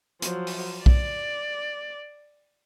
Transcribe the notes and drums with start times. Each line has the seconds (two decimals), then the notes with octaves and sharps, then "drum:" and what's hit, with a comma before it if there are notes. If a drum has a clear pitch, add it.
0.22 F3 F#3, drum: hi-hat
0.47 drum: open hi-hat
0.86 D5, drum: kick B1